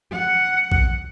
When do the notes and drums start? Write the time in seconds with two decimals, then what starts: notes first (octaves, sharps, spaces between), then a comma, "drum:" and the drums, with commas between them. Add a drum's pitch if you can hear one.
0.13 F#5
0.72 drum: kick A#1